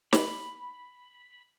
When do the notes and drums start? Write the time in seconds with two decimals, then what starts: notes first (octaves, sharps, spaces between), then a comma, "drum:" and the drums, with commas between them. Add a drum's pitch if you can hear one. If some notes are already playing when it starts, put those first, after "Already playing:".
0.13 B5, drum: snare